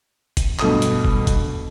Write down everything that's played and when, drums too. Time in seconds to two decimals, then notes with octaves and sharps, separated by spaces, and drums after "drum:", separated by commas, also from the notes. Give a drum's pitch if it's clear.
0.37 drum: kick, hi-hat
0.59 G2 B2 A3 D#6, drum: clap
0.82 drum: hi-hat
1.05 drum: kick
1.27 drum: kick, hi-hat